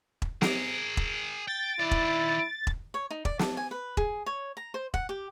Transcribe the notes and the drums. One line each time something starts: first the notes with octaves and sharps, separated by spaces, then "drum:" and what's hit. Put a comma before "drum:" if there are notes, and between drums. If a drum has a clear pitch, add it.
drum: kick E1
G#4 A#4, drum: snare
drum: kick E1
G5 A6
D#3 E4 D5
drum: kick E1
drum: kick E1
C#5
D#4
D5, drum: kick E1
A5, drum: snare
G#5
B4
G#4, drum: kick E1
C#5
A#5
C5
F#5, drum: kick E1
G4